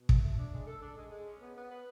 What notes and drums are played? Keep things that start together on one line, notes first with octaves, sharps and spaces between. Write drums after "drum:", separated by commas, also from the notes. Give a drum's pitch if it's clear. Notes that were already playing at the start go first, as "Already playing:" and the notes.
Already playing: B2
A3, drum: kick
A3
D4
G#3
A4
D4
G#3
G#3
C#4
B3
B3
B4